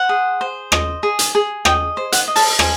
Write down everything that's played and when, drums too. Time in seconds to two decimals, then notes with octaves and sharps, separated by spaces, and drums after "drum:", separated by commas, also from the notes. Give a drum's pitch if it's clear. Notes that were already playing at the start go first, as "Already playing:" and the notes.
Already playing: C5 F#5
0.09 G#4
0.41 C5
0.72 D#5, drum: rim click
1.03 G#4
1.19 drum: hi-hat
1.35 G#4
1.65 D#5 G5, drum: rim click
1.97 C5
2.12 F#5, drum: hi-hat
2.28 D#5
2.36 A5, drum: open hi-hat
2.59 C5 G#5, drum: rim click